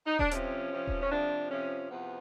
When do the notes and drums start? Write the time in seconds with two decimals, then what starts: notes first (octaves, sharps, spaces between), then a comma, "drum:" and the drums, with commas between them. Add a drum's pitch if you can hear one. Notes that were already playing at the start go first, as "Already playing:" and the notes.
0.07 D#4
0.19 D4, drum: kick D#1
0.31 F2 C3 F3 C#4, drum: hi-hat
0.71 F2 C3 F3
0.87 drum: kick D#1
1.02 C#4
1.11 F2 C3 F3 D4
1.50 F2 C3 F3 C#4
1.90 E2 C3 F3 B3